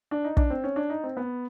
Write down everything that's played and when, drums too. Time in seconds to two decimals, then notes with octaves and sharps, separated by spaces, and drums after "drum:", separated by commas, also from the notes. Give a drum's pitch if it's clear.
0.11 D4
0.24 D#4
0.37 D4, drum: kick
0.50 C4
0.64 C#4
0.76 D4
0.90 D#4
1.04 C4
1.17 B3